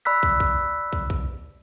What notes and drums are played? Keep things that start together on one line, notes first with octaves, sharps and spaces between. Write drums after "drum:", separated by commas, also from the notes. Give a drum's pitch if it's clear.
D5 B5 E6 F#6 B6
drum: kick
drum: kick
drum: kick
drum: kick